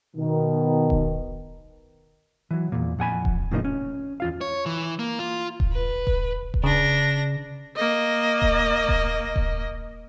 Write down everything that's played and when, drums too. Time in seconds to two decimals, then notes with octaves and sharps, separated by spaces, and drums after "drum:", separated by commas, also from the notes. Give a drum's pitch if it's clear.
0.16 B2 D#3
0.90 drum: kick D#1
2.51 E3 F#3
2.72 E2 A#2
2.99 F2 F#5 G#5 B5
3.25 drum: kick D#1
3.51 A2 C#3 F3 A#3 B3 D#4
3.65 C#4
4.20 E2 F4 F5
4.41 C#5
4.66 E3
4.99 A#3
5.19 F4
5.60 drum: kick D#1
5.72 B4
6.07 drum: kick D#1
6.54 drum: kick D#1
6.64 C#3 D4 A#6
7.76 A#3 D#5
8.42 drum: kick D#1
8.89 drum: kick D#1
9.36 drum: kick D#1